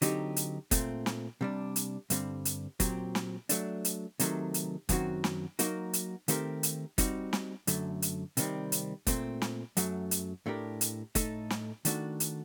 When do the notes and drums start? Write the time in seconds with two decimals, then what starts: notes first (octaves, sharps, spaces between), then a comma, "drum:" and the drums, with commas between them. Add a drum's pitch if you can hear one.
0.02 D3 F#3 C4 D#4 G4, drum: hi-hat
0.36 drum: hi-hat
0.71 A#2 A3 C4, drum: kick F#1, hi-hat
1.06 drum: snare
1.41 C3 G3 D4
1.76 drum: hi-hat
2.10 G2 D3 G3 C4, drum: hi-hat
2.45 drum: hi-hat
2.80 A#2 F#3 C4 G4, drum: kick F#1, hi-hat
3.15 drum: snare
3.49 F#3 A3 D4, drum: hi-hat
3.85 drum: hi-hat
4.20 C3 D#3 F#3 A3, drum: hi-hat
4.54 drum: hi-hat
4.89 F#2 D#3 F#3 C4 F#4, drum: kick F#1, hi-hat
5.24 drum: snare
5.59 F#3 A#3 D#4 F#4 A#4, drum: hi-hat
5.93 drum: hi-hat
6.28 D#3 A3 C4 G4 A#4, drum: hi-hat
6.63 drum: hi-hat
6.98 G3 C4 D#4 F#4, drum: kick F#1, hi-hat
7.33 drum: snare
7.67 F#2 D3 F#3 A3, drum: hi-hat
8.02 drum: hi-hat
8.37 C3 D#3 G3 C4, drum: hi-hat
8.72 drum: hi-hat
9.07 A#2 A3 C4, drum: kick F#1, hi-hat
9.42 drum: snare
9.77 F#2 F#3 A3, drum: hi-hat
10.11 drum: hi-hat
10.46 A2 A3 D4 G4 A#4
10.81 drum: hi-hat
11.15 A2 A3 D#4 A4, drum: kick F#1, hi-hat
11.50 drum: snare
11.85 D#3 A3 D4 F#4 A4, drum: hi-hat
12.20 drum: hi-hat